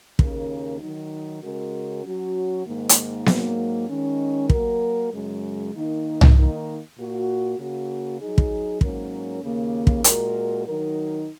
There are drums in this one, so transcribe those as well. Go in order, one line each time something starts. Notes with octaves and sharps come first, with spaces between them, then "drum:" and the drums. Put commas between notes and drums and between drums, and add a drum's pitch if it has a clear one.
D#2 C#3 A#3 C#4 A#4, drum: kick
D#3 F#3 D#4
C#3 G#3 C#4 F#4 A#4
F#3 C#4 F#4
G#2 D#3 A#3
drum: hi-hat
G#2 F#3 A#3, drum: snare B3
D#3 G#3 C#4
F#3 A#3 F#4 A#4, drum: kick
F#2 C#3 G#3
D#3 A#3 D#4
drum: tom C2
D#3 A#3 D#4
A#2 A#3 F#4
C#3 A#3 F#4
F#3 D#4 G#4
drum: kick
G#2 F#3 A#3 C#4 A#4, drum: kick
D#2 C#3 A#3
drum: kick
A#2 G#3 F#4 A#4, drum: hi-hat
D#3 F#3 D#4 A#4